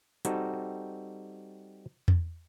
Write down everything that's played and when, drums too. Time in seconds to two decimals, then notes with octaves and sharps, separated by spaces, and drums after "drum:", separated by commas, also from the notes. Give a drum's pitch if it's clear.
0.25 G3 C4 D#4 F#4 A4, drum: hi-hat
2.08 drum: tom E2